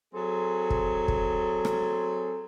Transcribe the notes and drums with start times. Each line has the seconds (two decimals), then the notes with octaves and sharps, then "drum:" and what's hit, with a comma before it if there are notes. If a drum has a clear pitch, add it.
0.14 F#3 C4 G#4 A4
0.70 drum: kick
1.08 drum: kick
1.65 drum: rim click